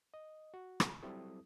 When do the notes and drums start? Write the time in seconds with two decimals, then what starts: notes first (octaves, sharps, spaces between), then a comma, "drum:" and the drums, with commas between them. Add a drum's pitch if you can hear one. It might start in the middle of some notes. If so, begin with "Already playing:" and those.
0.14 D#5
0.54 F#4
0.80 drum: rim click
1.02 F#3 G3 C4 E4 A4 D#6